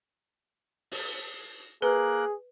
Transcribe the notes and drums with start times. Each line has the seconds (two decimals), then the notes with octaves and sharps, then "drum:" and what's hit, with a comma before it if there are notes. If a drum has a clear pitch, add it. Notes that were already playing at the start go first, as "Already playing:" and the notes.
0.91 drum: open hi-hat
1.82 A#3 G#4 A#4 B4 F#6